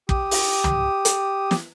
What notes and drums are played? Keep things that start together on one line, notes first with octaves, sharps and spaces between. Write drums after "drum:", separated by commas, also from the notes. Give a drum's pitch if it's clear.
G4 D#6, drum: kick
drum: open hi-hat
drum: tom
drum: hi-hat
drum: snare